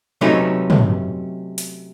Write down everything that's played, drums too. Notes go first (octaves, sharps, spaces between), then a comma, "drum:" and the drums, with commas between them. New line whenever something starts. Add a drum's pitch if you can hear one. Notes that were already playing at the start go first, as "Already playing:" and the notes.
C3 F#3 A3 C#4 D#4 B4
drum: tom
drum: hi-hat